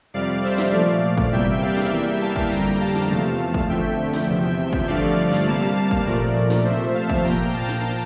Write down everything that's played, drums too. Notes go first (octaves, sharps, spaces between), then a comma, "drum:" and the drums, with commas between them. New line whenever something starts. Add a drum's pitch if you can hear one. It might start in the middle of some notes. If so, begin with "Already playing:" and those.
F2 C3 G3 D5 F5
C5 E5
drum: snare
A#2 F3 A3 D5 F5
drum: kick
E2 C3 G3 A#3 E5 G5
D5 F5
drum: snare
E2 E3 G3 A#3 E5 G5
F5 A5
drum: kick
F2 D3 G3 A#3 G5 A#5
F5 A5
drum: snare
E2 C3 F3 A3
drum: kick
F2 D3 F3 A3 E5 G5
drum: snare
E2 C3 F3
drum: kick
G2 D3 F3 A3 D5 F5
drum: snare
C3 G3 A#3 F5 A5
F5 A5
drum: kick
A#2 F3 A3 A#4 D5
drum: snare
C3 F3 A3 C5 E5
F5 A5
drum: kick
A#2 F3 A#3 G5 A#5
F5 A5
drum: snare